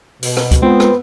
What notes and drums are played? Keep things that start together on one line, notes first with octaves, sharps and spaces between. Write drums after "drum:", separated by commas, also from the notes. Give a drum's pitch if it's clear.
B2, drum: open hi-hat
drum: rim click
drum: kick, hi-hat
G#3 B3 C4 F4
drum: rim click